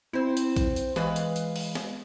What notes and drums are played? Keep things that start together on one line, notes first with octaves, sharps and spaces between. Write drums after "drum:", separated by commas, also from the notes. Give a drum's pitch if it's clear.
C4 E4 C5
drum: hi-hat
drum: kick A#1, hi-hat
drum: hi-hat
E3 G#3 B4 F5, drum: snare
drum: hi-hat
drum: hi-hat
drum: open hi-hat
drum: snare